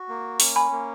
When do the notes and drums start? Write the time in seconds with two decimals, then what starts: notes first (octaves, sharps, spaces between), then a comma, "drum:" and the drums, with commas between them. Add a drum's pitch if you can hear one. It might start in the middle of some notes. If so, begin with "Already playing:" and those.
Already playing: F#4
0.09 A#3
0.40 C#4, drum: open hi-hat
0.56 G#5 B5
0.72 A#3